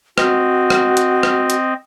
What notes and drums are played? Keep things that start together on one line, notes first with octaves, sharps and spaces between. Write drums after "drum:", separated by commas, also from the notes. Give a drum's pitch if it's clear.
C4 F#4 D#5, drum: rim click
drum: rim click
drum: hi-hat
drum: rim click
drum: hi-hat